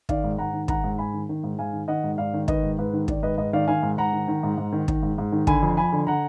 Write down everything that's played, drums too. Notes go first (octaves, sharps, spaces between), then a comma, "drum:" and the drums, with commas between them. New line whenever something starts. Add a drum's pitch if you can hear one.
D#3 D5 F5, drum: kick
G#2
G#2 F#5 A#5
D#3
D#3 F#5 A#5, drum: kick
G#2
G#2 G#5 B5
D#3
D#3
G#2
G#2 F5 G#5
D#3
D#3 D#5 F#5
G#2
G#2 D5 F5
D#3
D#3 B4 D#5, drum: kick
G#2
G#2 B4
D#3
D#3 D5, drum: kick
G#2 B4 D#5
G#2 B4 D#5
D#3 D5 F5
D#3 F5 G#5
G#2
G#2 F#5 A#5
D#3
D#3
G#2
G#2
D#3
D#3, drum: kick
G#2
G#2
D#3
D3 G#5 B5, drum: kick
F2
F2 G#5 B5
D3
D3 F#5 A#5